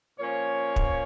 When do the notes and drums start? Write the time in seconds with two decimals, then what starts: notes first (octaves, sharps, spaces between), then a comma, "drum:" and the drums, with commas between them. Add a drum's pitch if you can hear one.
0.19 A#2 F3 A#3 C#4 C#5
0.76 drum: kick